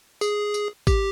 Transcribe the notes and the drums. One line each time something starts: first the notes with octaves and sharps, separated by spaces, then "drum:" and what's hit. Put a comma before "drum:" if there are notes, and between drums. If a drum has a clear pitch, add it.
G#4, drum: tambourine
drum: tambourine
G4, drum: kick G#1, tambourine